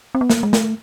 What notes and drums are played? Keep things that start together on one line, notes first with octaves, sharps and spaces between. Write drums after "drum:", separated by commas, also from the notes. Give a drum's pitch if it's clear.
C4
B3
A#3, drum: snare
G#3
A3, drum: snare